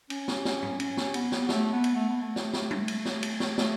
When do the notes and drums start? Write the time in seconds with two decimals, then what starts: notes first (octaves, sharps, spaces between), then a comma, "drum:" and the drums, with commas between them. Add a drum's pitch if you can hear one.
0.10 C#4, drum: cymbal
0.28 drum: snare
0.45 drum: snare
0.62 drum: tom
0.80 C#4, drum: cymbal
0.97 drum: snare
1.14 B3, drum: cymbal
1.32 drum: snare
1.49 A3, drum: snare
1.73 B3
1.84 drum: cymbal
1.96 A3
2.09 B3
2.22 A3
2.36 drum: snare
2.53 drum: snare
2.71 drum: tom G3
2.88 drum: cymbal
3.05 drum: snare
3.23 drum: cymbal
3.40 drum: snare
3.58 A3, drum: snare